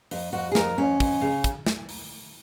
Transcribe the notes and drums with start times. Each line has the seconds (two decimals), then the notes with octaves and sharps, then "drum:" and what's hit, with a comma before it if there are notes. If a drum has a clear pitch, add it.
0.11 F2, drum: open hi-hat
0.33 F2 F#4
0.52 G#4
0.55 F2 A#4, drum: snare
0.78 F2 C#4
1.00 F2, drum: kick, open hi-hat
1.21 C#3
1.44 drum: kick, hi-hat
1.67 drum: snare
1.89 drum: open hi-hat